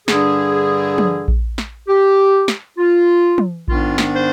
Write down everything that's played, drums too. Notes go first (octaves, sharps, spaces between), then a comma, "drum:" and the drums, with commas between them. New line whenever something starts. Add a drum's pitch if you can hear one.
G2 D3 G3 D4 G#4, drum: snare
drum: tom
drum: kick A#1
drum: snare
G4
drum: snare
F4
drum: tom
G#2 D#3 B3 D4 F4, drum: kick A#1
drum: snare
C5